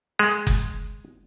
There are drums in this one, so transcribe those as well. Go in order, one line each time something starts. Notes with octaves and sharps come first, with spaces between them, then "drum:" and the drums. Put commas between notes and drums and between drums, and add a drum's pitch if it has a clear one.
G#3
drum: kick F#1